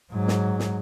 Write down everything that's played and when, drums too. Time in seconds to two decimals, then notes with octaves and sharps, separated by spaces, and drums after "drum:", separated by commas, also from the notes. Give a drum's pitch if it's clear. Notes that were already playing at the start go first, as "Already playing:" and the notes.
0.12 G#2 F#3
0.28 drum: snare
0.59 drum: snare